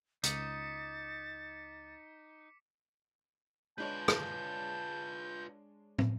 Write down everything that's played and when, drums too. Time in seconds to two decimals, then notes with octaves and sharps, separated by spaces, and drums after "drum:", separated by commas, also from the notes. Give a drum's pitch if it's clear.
0.23 C#2 D#4 D6 D#6 A6 B6 C#7, drum: hi-hat
3.78 G#3 D4 F4 B4 C#5 A5 G6
4.08 drum: rim click
5.99 drum: tom